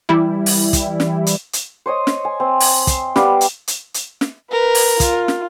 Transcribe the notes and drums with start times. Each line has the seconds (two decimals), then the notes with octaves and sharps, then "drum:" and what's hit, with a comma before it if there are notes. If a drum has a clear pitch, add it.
0.09 E3 G3 E4
0.46 drum: open hi-hat
0.73 drum: kick, hi-hat
1.00 drum: snare
1.26 drum: hi-hat
1.53 drum: hi-hat
1.86 C5 C#5 D#5 D#6
2.07 drum: snare
2.25 G#5
2.40 C4
2.60 drum: open hi-hat
2.87 C6, drum: kick, hi-hat
3.16 G3 B3 G4 F5, drum: snare
3.41 drum: hi-hat
3.68 drum: hi-hat
3.94 drum: hi-hat
4.21 drum: snare
4.52 A#4 B4
4.75 drum: open hi-hat
5.00 F4, drum: kick, hi-hat
5.28 drum: snare